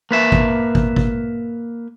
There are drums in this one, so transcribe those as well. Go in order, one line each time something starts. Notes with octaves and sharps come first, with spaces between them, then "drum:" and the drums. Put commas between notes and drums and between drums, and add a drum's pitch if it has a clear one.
A#3 B4 E5
drum: kick
drum: kick
drum: kick